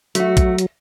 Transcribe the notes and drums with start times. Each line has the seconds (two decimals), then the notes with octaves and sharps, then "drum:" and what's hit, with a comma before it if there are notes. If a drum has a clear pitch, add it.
0.15 F#3 A3 F#4, drum: hi-hat
0.37 drum: kick A1, hi-hat
0.58 drum: hi-hat